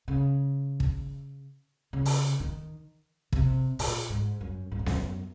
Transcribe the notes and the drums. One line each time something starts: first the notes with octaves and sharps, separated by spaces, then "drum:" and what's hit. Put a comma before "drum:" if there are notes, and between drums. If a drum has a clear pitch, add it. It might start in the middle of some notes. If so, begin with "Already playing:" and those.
C#3
drum: kick
C#3
drum: open hi-hat
D#3
C3, drum: kick
A#2, drum: open hi-hat
G#2
F#2
G#2
F#2
F2, drum: snare B3
F#2